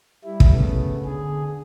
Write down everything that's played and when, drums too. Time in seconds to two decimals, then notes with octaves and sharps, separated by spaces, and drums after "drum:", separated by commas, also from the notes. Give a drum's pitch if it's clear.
0.25 G3 E4
0.40 drum: kick
0.54 C#3 A3 B3
1.05 D3 G#4